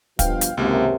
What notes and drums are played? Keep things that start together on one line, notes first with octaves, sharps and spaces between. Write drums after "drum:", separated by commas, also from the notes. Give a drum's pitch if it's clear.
G2 B2 F3 F5 G5, drum: kick, hi-hat
drum: hi-hat
G#1 C#2 F#2 C3 A#3